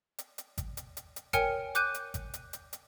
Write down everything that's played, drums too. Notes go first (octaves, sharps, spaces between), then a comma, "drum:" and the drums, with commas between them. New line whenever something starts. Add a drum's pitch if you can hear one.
drum: hi-hat
drum: hi-hat
drum: kick G#1, hi-hat
drum: hi-hat
drum: hi-hat
drum: hi-hat
A#4 C#5 G5 G#5 F6 C#7, drum: kick G#1, hi-hat
D6 F#6 G6 D#7, drum: hi-hat
drum: hi-hat
drum: kick G#1, hi-hat
drum: hi-hat
drum: hi-hat
drum: hi-hat